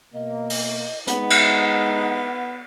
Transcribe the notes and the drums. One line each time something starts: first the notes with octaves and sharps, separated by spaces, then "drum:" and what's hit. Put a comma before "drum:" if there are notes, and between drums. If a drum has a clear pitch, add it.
B2 A#3 D#5
drum: open hi-hat
G#3 B3 D#4 F#5, drum: hi-hat
drum: cymbal